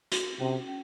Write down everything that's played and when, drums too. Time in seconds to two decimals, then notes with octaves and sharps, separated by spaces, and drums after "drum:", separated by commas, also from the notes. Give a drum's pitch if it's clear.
0.12 F#4, drum: hi-hat
0.40 C3 C#4
0.67 C#4